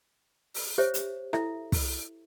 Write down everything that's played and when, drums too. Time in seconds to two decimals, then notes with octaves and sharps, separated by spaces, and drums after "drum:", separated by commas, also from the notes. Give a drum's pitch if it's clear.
0.54 drum: open hi-hat
0.78 G4 C5 C#5 E5
0.94 drum: hi-hat
1.33 E4 A4 E5, drum: rim click
1.72 drum: kick, open hi-hat